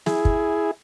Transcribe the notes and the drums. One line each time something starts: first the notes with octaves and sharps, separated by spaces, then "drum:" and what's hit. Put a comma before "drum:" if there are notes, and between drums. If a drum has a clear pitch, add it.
E4 G#4, drum: snare
drum: kick